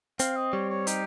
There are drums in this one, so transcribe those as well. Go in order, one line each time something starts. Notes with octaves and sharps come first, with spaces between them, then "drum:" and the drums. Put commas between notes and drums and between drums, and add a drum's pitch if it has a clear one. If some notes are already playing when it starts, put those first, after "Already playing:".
C4 F5, drum: hi-hat
D#5
G3 C#5
C#5
D#4 G4, drum: hi-hat